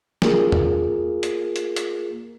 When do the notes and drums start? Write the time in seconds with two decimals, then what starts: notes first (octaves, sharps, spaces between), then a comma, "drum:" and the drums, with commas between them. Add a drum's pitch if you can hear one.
0.22 A#3 F4 G#4 A#4, drum: snare
0.52 drum: tom E2
1.23 drum: hi-hat
1.56 drum: hi-hat
1.76 drum: hi-hat